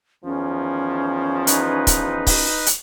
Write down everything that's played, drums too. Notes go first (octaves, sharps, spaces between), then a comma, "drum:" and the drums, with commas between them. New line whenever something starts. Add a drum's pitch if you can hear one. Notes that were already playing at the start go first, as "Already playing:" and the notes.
E2 D#3 F3 C#4
D#4 B4, drum: hi-hat
drum: kick C#1, hi-hat
drum: kick C#1, open hi-hat
drum: hi-hat